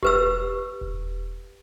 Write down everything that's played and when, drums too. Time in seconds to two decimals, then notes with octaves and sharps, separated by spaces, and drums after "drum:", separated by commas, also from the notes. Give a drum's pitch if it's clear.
0.03 G4 B4 E6, drum: kick E1
0.81 drum: kick E1